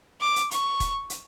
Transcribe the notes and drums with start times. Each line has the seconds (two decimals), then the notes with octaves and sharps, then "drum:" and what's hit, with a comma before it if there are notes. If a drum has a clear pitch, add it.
0.21 D6
0.36 drum: hi-hat
0.51 C#6, drum: hi-hat
0.80 drum: kick E1, hi-hat
1.10 drum: hi-hat